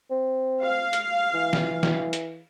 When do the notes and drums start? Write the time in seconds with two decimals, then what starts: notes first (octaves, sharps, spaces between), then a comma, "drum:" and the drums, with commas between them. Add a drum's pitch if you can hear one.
0.10 C4
0.63 F5
0.93 drum: hi-hat
1.34 E3
1.53 drum: snare
1.83 drum: snare
2.13 drum: hi-hat